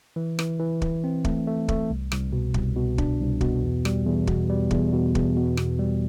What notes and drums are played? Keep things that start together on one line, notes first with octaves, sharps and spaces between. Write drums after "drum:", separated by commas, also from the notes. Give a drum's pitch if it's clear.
E3
E3, drum: rim click
E3
E3, drum: kick
C4
A3, drum: kick
A3
A3, drum: kick
C2
C2, drum: rim click
B2
C2, drum: kick
B2
D4, drum: kick
C2
B2, drum: kick
E2
G3, drum: rim click
E2
B2, drum: kick
G3
E2, drum: kick
B2
E2, drum: kick
B2
B2, drum: rim click
G3